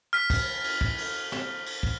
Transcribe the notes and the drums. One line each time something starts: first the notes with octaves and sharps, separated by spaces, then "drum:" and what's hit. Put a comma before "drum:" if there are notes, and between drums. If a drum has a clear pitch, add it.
F6 B6
drum: kick, cymbal
drum: cymbal
drum: kick
drum: cymbal
drum: snare
drum: cymbal
drum: kick